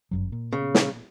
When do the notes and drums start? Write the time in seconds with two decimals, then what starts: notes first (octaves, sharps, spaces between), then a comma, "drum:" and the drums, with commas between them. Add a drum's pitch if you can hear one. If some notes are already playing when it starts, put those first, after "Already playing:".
0.11 G1 F#2 F#3
0.32 A#2
0.52 C#3
0.75 drum: snare